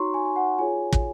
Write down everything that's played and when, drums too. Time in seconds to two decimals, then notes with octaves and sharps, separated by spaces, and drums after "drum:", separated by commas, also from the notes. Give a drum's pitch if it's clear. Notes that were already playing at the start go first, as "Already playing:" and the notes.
Already playing: D#4 F#4 C#5 A#5 C6 C#6
0.14 G#5
0.26 G#5
0.36 F#5
0.59 F4 G#4 C#5 G#5
0.93 drum: kick